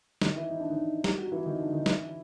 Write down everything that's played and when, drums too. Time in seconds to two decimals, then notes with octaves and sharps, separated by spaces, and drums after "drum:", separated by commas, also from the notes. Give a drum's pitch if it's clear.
0.22 D#3 D#4, drum: snare
0.36 E3 E4
0.50 D#4
0.60 D4
0.70 D#3 D#4
1.04 G3 G4, drum: snare
1.17 F#3 F#4
1.32 E3 E4
1.45 D#3 D#4
1.59 D3 D4
1.73 D#3 D#4
1.86 E3 E4, drum: snare